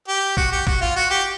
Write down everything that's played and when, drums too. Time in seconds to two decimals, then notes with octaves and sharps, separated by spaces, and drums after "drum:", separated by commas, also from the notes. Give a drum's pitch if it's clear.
0.08 G4
0.37 F#4, drum: kick
0.52 G4
0.67 F#4, drum: kick
0.81 F4
0.96 F#4
1.10 G4